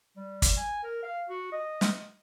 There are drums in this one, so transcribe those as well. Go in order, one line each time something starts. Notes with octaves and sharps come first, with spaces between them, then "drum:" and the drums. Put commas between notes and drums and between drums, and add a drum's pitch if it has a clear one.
G3
drum: kick, hi-hat
G#5
A#4
F5
F#4
D#5
drum: snare